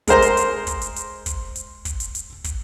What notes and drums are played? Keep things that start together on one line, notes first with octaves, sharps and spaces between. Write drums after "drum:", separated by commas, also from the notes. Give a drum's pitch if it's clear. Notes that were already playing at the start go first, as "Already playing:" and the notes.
G#3 A#4 C5 A#5, drum: kick, hi-hat
drum: hi-hat
drum: hi-hat
drum: kick, hi-hat
drum: hi-hat
drum: hi-hat
drum: kick, hi-hat
drum: hi-hat
drum: kick, hi-hat
drum: hi-hat
drum: hi-hat
drum: kick, hi-hat